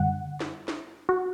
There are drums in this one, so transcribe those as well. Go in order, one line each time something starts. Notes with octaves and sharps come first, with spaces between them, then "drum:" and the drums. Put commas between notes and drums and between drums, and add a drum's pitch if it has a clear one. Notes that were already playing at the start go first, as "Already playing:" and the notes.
Already playing: F#2 D3 G3 F#5
drum: snare
drum: snare
F#4